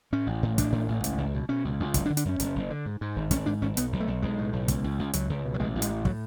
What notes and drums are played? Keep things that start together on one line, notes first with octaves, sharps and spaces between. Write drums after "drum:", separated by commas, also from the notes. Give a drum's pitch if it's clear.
A2 C#4
A1
A2
A1 D4, drum: kick, hi-hat
A2
A1
C#2, drum: hi-hat
C#2
B2
B2 C#4
C#2
C#2
F#1, drum: kick, hi-hat
D4
D3
D4, drum: hi-hat
F#2 C#4
F#1, drum: hi-hat
F#1
D3
G#2
G#2
G#1
G#1 C#4, drum: kick, hi-hat
G#2 D4
G#1 C#4
B1 B3, drum: hi-hat
B1
A3
B1
B1 G#3
A2
B1
C#2, drum: kick, hi-hat
C#2
C#2
C#2 F#3, drum: hi-hat
C#2
B2
F#3
A1 G#3
A1
G#3, drum: hi-hat
A2
A2 F#3, drum: kick